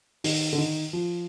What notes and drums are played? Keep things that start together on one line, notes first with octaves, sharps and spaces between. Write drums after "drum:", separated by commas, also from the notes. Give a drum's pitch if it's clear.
D#3, drum: open hi-hat
D3
D#3
F3